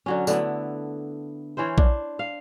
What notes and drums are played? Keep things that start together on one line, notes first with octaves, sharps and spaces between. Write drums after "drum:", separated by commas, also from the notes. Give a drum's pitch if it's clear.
D3 F#3 C#4
D3 A3 B3 E4, drum: tambourine
E3 C#4 E4 C5
D4, drum: kick A#1
F5